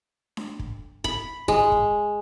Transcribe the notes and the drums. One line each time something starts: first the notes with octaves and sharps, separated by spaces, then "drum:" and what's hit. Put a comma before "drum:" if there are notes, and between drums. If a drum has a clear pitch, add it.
drum: snare D4
drum: kick
B5, drum: kick
G#3, drum: kick
drum: kick